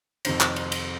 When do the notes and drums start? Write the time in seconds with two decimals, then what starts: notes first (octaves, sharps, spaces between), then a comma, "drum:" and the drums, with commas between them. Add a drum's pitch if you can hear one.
0.25 F2 C3 D#3 C5, drum: cymbal
0.41 drum: clap
0.56 C5, drum: cymbal
0.72 drum: cymbal